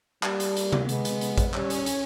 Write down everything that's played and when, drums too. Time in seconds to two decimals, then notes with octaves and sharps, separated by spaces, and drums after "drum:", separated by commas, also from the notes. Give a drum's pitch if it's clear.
0.23 G3 A#3, drum: clap
0.40 drum: hi-hat
0.57 A#3, drum: hi-hat
0.72 drum: tom C3
0.89 G#3 B3, drum: hi-hat
1.05 drum: hi-hat
1.21 drum: hi-hat
1.38 drum: kick A1, hi-hat
1.54 G3 C#4, drum: clap
1.70 drum: hi-hat
1.86 drum: hi-hat